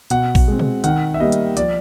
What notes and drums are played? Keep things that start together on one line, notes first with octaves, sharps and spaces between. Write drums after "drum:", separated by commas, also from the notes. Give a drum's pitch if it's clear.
B2 F#5, drum: hi-hat
drum: kick A#1, open hi-hat
G#3 C4
drum: tom
D#3 F#5, drum: hi-hat
E5
G3 A#3 D#5
drum: hi-hat
F3 D5, drum: hi-hat